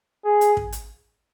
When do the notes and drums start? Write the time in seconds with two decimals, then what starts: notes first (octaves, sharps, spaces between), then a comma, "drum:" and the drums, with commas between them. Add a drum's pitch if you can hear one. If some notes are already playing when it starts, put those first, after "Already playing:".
0.25 G#4
0.41 drum: hi-hat
0.57 drum: kick
0.72 drum: hi-hat